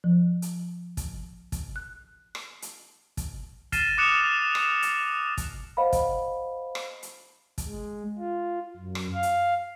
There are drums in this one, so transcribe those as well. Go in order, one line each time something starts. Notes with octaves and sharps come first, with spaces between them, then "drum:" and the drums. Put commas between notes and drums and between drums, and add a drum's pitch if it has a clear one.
F3
drum: hi-hat
drum: kick, hi-hat
drum: kick, hi-hat
F#6
drum: rim click
drum: hi-hat
drum: kick, hi-hat
F6 A6 A#6 C7 D#7 E7, drum: kick, hi-hat
D6 D#6 F#6 C#7 E7 F7
drum: rim click
drum: hi-hat
drum: kick, hi-hat
C5 D#5 F5 F#5 B5
drum: kick, hi-hat
drum: rim click
drum: hi-hat
drum: kick, hi-hat
G#3
F4
F#2
drum: rim click
F5
drum: hi-hat